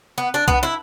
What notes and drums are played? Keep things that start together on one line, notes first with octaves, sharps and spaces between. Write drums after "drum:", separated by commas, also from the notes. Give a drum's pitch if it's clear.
B3
D4
B3, drum: kick C2
E4